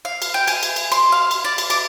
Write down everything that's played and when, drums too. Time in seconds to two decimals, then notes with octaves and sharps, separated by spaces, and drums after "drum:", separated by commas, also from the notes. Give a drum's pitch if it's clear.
0.05 F5
0.22 drum: cymbal
0.34 G5
0.48 G#5, drum: cymbal
0.63 drum: cymbal
0.76 drum: cymbal
0.92 C6, drum: cymbal
1.12 F5
1.31 drum: cymbal
1.45 D5
1.58 drum: cymbal
1.70 D6, drum: cymbal